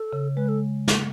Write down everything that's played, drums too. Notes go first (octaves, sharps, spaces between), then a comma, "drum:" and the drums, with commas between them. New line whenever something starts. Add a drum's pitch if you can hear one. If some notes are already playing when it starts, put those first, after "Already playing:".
Already playing: A4
C#3
G#3 B4
A4
drum: snare